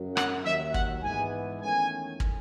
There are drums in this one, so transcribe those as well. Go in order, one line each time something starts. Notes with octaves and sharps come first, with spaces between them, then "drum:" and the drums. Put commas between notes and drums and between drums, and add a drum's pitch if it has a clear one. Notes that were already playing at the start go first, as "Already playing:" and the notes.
Already playing: F#2 C#3 F#3
F#5, drum: rim click
D#2 D#3 F#3 E5
F#5, drum: kick
G#2 E3 G#3 B3 G#5
E2 D#3 A3 C#4 G#5
drum: kick